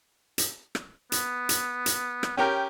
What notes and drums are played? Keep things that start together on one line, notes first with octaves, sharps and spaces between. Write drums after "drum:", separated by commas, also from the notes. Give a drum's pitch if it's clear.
drum: hi-hat
drum: rim click
B3, drum: hi-hat
drum: hi-hat
drum: hi-hat
drum: rim click
C#4 G4 A#4 G5